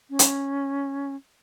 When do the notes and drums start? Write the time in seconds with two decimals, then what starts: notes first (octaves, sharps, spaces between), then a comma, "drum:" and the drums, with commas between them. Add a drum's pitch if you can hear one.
0.10 C#4
0.19 drum: hi-hat